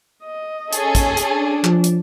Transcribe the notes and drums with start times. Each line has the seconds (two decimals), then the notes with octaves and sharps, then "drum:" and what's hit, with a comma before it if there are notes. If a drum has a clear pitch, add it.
0.24 D#5
0.73 C#4 G#4 A4, drum: hi-hat
0.95 drum: kick, hi-hat
1.17 drum: hi-hat
1.32 D4
1.64 F3, drum: clap
1.84 drum: hi-hat